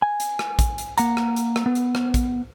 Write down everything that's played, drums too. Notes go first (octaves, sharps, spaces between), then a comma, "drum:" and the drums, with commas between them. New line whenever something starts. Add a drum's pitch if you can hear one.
G#5
drum: hi-hat
drum: rim click
drum: kick, hi-hat
drum: hi-hat
A#3 F#5 A#5, drum: hi-hat
drum: rim click
drum: hi-hat
drum: rim click
B3
drum: hi-hat
drum: rim click
drum: kick, hi-hat